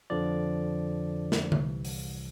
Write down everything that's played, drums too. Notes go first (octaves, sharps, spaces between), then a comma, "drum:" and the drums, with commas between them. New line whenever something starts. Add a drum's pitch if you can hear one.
F2 D3 F3 D5
drum: snare
C2 C3 E3, drum: tom D3
drum: open hi-hat